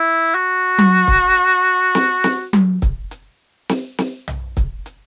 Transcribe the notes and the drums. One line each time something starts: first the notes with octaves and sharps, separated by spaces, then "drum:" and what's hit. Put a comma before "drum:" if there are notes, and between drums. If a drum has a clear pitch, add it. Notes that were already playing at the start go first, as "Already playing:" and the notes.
Already playing: E4
F#4
drum: tom F#3
drum: kick, hi-hat
drum: hi-hat
drum: snare
drum: snare
drum: tom F#3
drum: kick, hi-hat
drum: hi-hat
drum: snare
drum: snare
drum: tom
drum: kick, hi-hat
drum: hi-hat